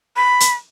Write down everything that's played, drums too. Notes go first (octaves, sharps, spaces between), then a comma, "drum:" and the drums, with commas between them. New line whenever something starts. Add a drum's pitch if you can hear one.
B5
drum: hi-hat